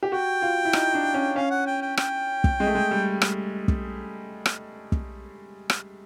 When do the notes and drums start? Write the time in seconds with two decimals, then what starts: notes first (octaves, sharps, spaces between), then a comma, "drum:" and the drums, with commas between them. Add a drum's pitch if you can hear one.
0.03 G4
0.11 F#4 G5
0.42 F4
0.65 E4
0.73 D#4, drum: rim click
0.94 D4
1.14 C#4
1.36 C#4 F5
1.51 F#5
1.67 G5
1.82 G5
1.97 G5, drum: rim click
2.44 drum: kick
2.60 G#3
2.67 A3
2.75 G#3
2.91 G3
3.22 drum: rim click
3.68 drum: kick
4.46 drum: rim click
4.92 drum: kick
5.70 drum: rim click